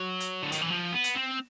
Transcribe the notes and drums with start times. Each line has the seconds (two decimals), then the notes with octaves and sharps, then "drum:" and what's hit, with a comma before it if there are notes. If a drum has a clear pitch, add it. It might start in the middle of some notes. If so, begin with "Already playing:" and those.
Already playing: F#3
0.20 drum: hi-hat
0.43 D3
0.52 D#3, drum: hi-hat
0.61 E3
0.70 F3
0.93 B3
1.04 drum: hi-hat
1.15 C4